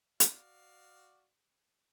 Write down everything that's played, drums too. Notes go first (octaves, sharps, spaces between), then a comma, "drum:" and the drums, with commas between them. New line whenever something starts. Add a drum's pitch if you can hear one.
F#4 D5 F5, drum: hi-hat